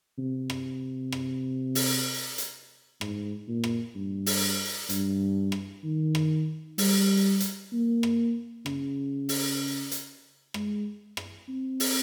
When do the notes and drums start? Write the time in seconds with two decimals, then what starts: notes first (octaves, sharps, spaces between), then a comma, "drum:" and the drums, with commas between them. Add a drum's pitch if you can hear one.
0.18 C3
0.50 drum: rim click
1.12 drum: rim click
1.75 drum: open hi-hat
2.38 drum: hi-hat
3.01 G#2, drum: rim click
3.48 A#2
3.64 drum: rim click
3.95 G2
4.26 drum: open hi-hat
4.89 G2, drum: hi-hat
5.52 drum: rim click
5.84 D#3
6.15 drum: rim click
6.78 G3, drum: open hi-hat
7.40 drum: hi-hat
7.72 A#3
8.03 drum: rim click
8.66 C#3, drum: rim click
9.29 drum: open hi-hat
9.91 drum: hi-hat
10.54 G#3, drum: rim click
11.17 drum: rim click
11.48 C4
11.80 drum: open hi-hat